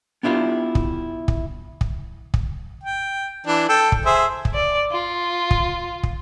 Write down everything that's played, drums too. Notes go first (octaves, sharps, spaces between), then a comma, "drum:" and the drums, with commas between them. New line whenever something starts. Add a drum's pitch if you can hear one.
B3 D4 E4 F4 G4
drum: kick
drum: kick
drum: kick
drum: kick
G5
E3 D4
A4 G5
drum: kick
G#4 C5 E5
drum: kick
D5
F4
drum: kick
drum: kick